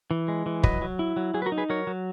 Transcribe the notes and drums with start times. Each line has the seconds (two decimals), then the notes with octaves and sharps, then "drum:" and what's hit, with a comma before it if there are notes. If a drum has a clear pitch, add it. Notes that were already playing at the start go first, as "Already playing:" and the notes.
0.11 E3
0.28 G#3
0.46 E3
0.63 F#3 B4 D#5, drum: kick
0.82 F#3
0.99 E4
1.17 F#3
1.34 F#3 G#4
1.42 B4
1.46 F#4 A#4
1.52 D#4
1.58 G#4 B4
1.70 F#3 A#4 C#5
1.87 F#3